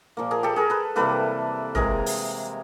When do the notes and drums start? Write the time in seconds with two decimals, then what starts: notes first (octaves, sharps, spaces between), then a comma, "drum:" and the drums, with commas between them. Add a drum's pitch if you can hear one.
0.17 A#2 F3 A#3
0.31 G#4 A#4
0.43 G4 A4
0.56 G#4 A#4
0.70 A4 B4
0.96 C3 E3 G3 A#3 A4 B4
1.75 C3 E3 G#3 G#4 A#4, drum: tom
2.06 drum: open hi-hat